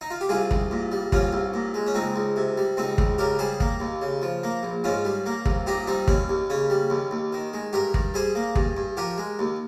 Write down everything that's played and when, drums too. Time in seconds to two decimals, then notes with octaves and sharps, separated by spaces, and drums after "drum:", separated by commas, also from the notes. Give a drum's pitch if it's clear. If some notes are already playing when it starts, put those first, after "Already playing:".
0.01 D#4
0.11 F4
0.21 G4
0.29 C2 F4 G#4
0.51 C2, drum: kick
0.71 A#2
0.92 G3
1.12 C2 C#4 F4, drum: kick
1.33 C2
1.54 A#2
1.74 G#3
1.87 C#4
1.95 C#2 C4 D#4
2.16 C#2
2.36 C3
2.58 G3
2.77 C#2 C4 D#4
2.98 C#2, drum: kick
3.18 C#3 G4 A#4
3.39 G3 G#4 C5
3.60 A#3, drum: kick
3.80 D#2
4.02 C#3
4.22 F3
4.43 A#3
4.63 A#1
4.84 G#2 C#4 F4
5.05 G3
5.26 A#3
5.46 C2, drum: kick
5.67 A#2 D#4 G4
5.87 G3 C4 D#4
6.08 D#2 C#4, drum: kick
6.29 D#2
6.50 C#3 C#4
6.70 G3
6.90 D#2
7.11 D#2
7.33 D#3
7.53 G#3
7.73 G2 G4 A#4
7.94 G2, drum: kick
8.14 G3 G#4 C5
8.35 A#3
8.56 G2, drum: kick
8.77 G2
8.97 F3 G4 A#4
9.18 G#3
9.39 D#2